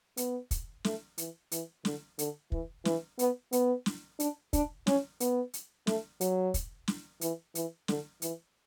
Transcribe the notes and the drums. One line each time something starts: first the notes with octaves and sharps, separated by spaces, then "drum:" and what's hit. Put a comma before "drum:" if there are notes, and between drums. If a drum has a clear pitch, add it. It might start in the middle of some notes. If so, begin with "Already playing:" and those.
B3, drum: hi-hat
drum: kick, hi-hat
A3, drum: snare
E3, drum: hi-hat
E3, drum: hi-hat
D3, drum: snare
D3, drum: hi-hat
E3, drum: kick
E3, drum: snare
B3, drum: hi-hat
B3, drum: hi-hat
drum: snare
D4, drum: hi-hat
D4, drum: kick, hi-hat
C#4, drum: snare
B3, drum: hi-hat
drum: hi-hat
A3, drum: snare
F#3, drum: hi-hat
drum: kick, hi-hat
drum: snare
E3, drum: hi-hat
E3, drum: hi-hat
D3, drum: snare
E3, drum: hi-hat